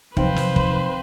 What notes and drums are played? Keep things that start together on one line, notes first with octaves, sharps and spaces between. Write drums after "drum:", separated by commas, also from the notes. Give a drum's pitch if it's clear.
C3 F3 F#3 C4 D#4 B4 C5 F5, drum: kick
drum: snare
drum: kick